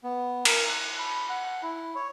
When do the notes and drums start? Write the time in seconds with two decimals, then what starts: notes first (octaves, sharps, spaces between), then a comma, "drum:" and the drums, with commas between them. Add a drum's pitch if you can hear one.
0.04 B3
0.45 A#4, drum: cymbal
0.69 F#6
0.99 B5
1.29 F#5
1.63 E4
1.95 C#5